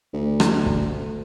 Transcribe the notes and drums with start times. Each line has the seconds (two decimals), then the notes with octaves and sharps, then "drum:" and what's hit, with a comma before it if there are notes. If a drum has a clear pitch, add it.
0.13 D2
0.40 drum: rim click
0.66 drum: kick